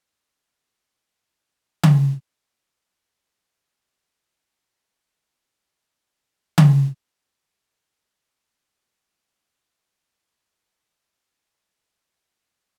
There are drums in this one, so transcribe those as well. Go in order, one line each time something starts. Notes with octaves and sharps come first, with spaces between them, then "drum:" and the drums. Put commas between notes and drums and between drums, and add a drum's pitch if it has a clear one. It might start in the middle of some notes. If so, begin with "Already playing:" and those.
G3 A3
C#2 E3 G#3
C#2 A2
drum: tom C#3
C#3 F#3 A3 D4
C6
G6
D4
F6
G3 G#3
drum: tom C#3
C7
F#6
C7
F#6
G#3 F4 C5
A#2 G#4 D5
G3 D#4 G#4
B2 D3 D#5 F5 C#6